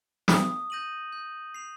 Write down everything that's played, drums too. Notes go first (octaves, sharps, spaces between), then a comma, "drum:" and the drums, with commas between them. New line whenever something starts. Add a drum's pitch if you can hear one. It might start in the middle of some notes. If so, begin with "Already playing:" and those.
D#6, drum: snare
G6 A#6 D#7 F#7
G6
C7 F7